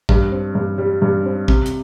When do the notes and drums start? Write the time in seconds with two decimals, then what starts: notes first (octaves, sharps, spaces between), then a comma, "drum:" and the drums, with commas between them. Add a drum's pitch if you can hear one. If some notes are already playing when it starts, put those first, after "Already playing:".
0.09 G2, drum: kick
0.32 C4
0.55 G2
0.78 G3
1.02 G2
1.26 C4
1.48 C3, drum: kick
1.66 drum: hi-hat